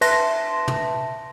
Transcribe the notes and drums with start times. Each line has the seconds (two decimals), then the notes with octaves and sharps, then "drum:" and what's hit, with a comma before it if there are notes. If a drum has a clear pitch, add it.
0.01 B4 E5 A5 C6 A#6, drum: cymbal
0.68 drum: tom